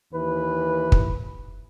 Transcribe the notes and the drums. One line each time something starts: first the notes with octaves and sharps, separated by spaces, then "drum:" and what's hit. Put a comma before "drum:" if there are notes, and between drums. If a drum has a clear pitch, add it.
D#2 E3 B4
drum: kick